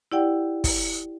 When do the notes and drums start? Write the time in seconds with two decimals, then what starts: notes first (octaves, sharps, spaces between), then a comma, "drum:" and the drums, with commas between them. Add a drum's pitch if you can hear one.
0.12 E4 G4 D5 F#5 G5
0.64 drum: kick, open hi-hat